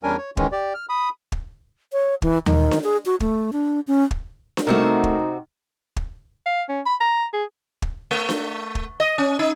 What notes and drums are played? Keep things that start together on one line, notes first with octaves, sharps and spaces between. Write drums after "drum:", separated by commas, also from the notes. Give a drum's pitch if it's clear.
E2 G3 C#4 D4 A#4 G#5
C#5
D#3 E3 G#3 C#4, drum: kick
G4 D5
F6
B5 D#6
drum: kick
C#5
E3, drum: kick
D#3, drum: tom D#2
drum: snare D4
G#4
F#4
A3, drum: kick
D4
C#4
drum: kick
drum: snare D4
C3 A3 C4 D#4 F#4 A#4
drum: kick
drum: kick
F5
C#4
B5
A#5
G#4
drum: kick
A3
drum: snare D4
drum: kick
D#5
C#4
D#4